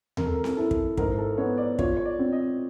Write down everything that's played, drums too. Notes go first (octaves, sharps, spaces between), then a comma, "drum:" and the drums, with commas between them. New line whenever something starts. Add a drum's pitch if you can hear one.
C4 A#4, drum: tom D#2
A4
A#4
drum: snare C4
E4 A4
drum: kick
G#2 A#4, drum: kick
A4
B3 C#5
D5
F4 C#5, drum: kick
C#5
D5
C4
D#5